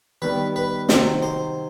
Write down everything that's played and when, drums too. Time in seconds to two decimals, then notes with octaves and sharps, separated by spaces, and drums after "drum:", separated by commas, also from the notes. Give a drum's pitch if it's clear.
0.22 D#3 G3 B3 B4
0.56 B4
0.89 C3 D#3 F#3 C4 F#4 C5, drum: snare
1.22 C5